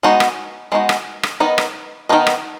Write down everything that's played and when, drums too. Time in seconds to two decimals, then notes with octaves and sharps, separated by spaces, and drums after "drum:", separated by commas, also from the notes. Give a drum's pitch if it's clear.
0.03 G#3 B3 D#4 F#4
0.20 drum: rim click
0.72 G#3 B3 D#4 F#4
0.89 drum: rim click
1.23 drum: rim click
1.40 D#3 B3 D#4 B4 D#5
1.58 drum: rim click
2.09 D#3 B3 D#4 B4 D#5
2.27 drum: rim click